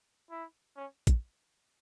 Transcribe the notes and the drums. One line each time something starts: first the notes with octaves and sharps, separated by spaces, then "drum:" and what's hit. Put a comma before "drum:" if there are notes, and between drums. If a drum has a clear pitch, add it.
E4
C#4
drum: kick, hi-hat